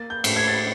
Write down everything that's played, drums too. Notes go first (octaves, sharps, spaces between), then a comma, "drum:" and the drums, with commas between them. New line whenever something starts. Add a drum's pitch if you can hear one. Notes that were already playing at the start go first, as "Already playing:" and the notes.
Already playing: A#3 A6
G6
A2, drum: cymbal
G#6
A6